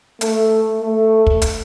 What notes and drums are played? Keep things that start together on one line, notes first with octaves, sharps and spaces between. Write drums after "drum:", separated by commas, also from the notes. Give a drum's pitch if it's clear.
A3, drum: hi-hat
A3
drum: kick
drum: hi-hat